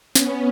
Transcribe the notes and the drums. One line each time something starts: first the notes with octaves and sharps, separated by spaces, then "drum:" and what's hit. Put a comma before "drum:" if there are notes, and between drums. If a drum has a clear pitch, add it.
B3 C#4, drum: snare